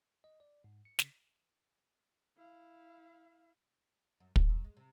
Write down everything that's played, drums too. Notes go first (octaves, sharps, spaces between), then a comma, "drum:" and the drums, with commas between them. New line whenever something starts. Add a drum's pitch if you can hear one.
D#5
D5
G#2
C#7
C#3, drum: snare
E4 F5
F#2
G#2, drum: kick
F#3
G#3
C3